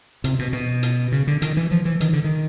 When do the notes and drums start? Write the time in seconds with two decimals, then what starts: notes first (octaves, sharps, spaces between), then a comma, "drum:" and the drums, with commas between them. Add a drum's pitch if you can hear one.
0.24 C3, drum: hi-hat
0.39 B2
0.53 B2
0.83 drum: hi-hat
1.12 C#3
1.27 D3
1.42 D#3, drum: hi-hat
1.57 E3
1.71 F3
1.85 E3
2.01 D#3, drum: hi-hat
2.13 D3
2.24 D#3